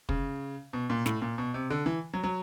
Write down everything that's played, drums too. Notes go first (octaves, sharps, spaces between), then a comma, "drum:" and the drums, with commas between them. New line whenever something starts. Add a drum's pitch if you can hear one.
C#3, drum: kick
B2
A#2
A2, drum: snare
A#2
B2
C3
D3
E3
F#3
F#3